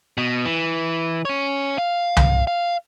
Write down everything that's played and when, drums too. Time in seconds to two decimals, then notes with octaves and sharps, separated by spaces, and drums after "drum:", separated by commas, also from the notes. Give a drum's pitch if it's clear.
0.17 B2
0.45 E3
1.25 C#4 C#5
1.78 F5
2.17 drum: tom C2
2.47 F5